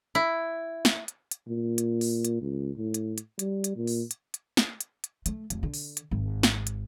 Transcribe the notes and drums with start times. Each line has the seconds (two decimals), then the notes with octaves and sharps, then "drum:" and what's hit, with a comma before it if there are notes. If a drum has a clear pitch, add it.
0.15 E4
0.85 drum: snare
1.08 drum: hi-hat
1.31 drum: hi-hat
1.48 A#2
1.78 drum: hi-hat
2.01 drum: open hi-hat
2.25 drum: hi-hat
2.41 C#2
2.78 A2
2.94 drum: hi-hat
3.18 drum: hi-hat
3.39 G3, drum: hi-hat
3.64 drum: hi-hat
3.76 A#2
3.87 drum: open hi-hat
4.11 drum: hi-hat
4.34 drum: hi-hat
4.57 drum: snare
4.81 drum: hi-hat
5.04 drum: hi-hat
5.26 A3, drum: hi-hat
5.50 F1, drum: hi-hat
5.63 D3
5.74 drum: open hi-hat
5.97 drum: hi-hat
6.11 G#1
6.43 drum: snare
6.67 drum: hi-hat